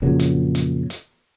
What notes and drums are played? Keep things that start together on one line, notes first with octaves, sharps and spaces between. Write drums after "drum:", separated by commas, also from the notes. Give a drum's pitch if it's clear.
F2 A#2 C#3 F#3
drum: hi-hat
drum: hi-hat
drum: hi-hat